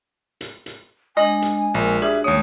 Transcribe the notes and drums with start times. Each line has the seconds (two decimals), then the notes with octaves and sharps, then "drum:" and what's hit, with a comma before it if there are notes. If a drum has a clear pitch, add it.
0.41 drum: hi-hat
0.66 drum: hi-hat
1.17 G#3 D4 D#5 G#5
1.42 drum: hi-hat
1.74 A#1 G#3 A#4
2.02 G3 D4 F#4 G#4 E5
2.24 D#2 G#3 A3 C#5 D#6